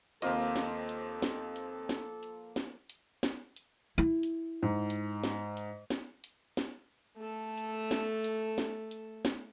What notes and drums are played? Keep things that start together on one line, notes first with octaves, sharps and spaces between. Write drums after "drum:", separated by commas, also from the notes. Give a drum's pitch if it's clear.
D#2 F3 A#3 C4 A4 D#5 F5, drum: hi-hat
drum: snare
drum: hi-hat
drum: snare
drum: hi-hat
drum: snare
drum: hi-hat
drum: snare
drum: hi-hat
drum: snare
drum: hi-hat
E4
drum: hi-hat
G#2
drum: hi-hat
drum: snare
drum: hi-hat
drum: snare
drum: hi-hat
drum: snare
A3 A4
drum: hi-hat
drum: snare
drum: hi-hat
drum: snare
drum: hi-hat
drum: snare